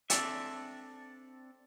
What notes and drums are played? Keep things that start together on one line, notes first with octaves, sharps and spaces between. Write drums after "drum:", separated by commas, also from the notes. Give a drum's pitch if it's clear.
C4 D4 A4 D5 E5, drum: hi-hat